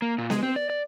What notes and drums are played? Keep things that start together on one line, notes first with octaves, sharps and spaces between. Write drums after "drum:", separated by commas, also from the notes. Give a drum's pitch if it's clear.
A#3
A#2
G#3, drum: snare B3
C4
D5
D5